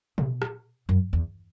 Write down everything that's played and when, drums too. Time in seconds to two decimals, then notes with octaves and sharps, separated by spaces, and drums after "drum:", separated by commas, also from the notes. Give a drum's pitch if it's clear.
0.18 B2, drum: tom B2
0.42 drum: rim click
0.89 F#2
1.13 E2